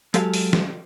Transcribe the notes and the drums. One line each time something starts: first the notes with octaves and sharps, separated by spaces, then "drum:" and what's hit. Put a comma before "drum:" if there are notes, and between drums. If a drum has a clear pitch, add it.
F#3 G#3 G4 A4 F5, drum: hi-hat
drum: open hi-hat
drum: snare